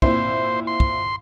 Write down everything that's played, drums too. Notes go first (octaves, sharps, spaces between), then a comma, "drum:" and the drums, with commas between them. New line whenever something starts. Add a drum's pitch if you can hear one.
A#2 C4 E4 C5, drum: kick
C6
drum: kick